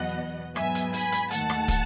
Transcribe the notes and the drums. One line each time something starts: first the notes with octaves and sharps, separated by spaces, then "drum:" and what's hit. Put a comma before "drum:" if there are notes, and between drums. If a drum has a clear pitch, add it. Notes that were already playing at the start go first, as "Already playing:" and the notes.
Already playing: E2 B2 F#3 B3 D#5 F#5
G#2 F#3 B3 E5 G#5, drum: rim click
drum: hi-hat
G#5 B5, drum: open hi-hat
drum: hi-hat
D#2 D#3 A3 F#5 A5, drum: hi-hat
drum: rim click
drum: kick, hi-hat